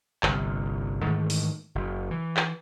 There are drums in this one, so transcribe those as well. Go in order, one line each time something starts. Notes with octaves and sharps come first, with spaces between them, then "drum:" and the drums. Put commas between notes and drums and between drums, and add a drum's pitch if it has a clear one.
G1 C2, drum: clap
G#2 D#3 E3 A3
drum: open hi-hat
F#1
E3
drum: clap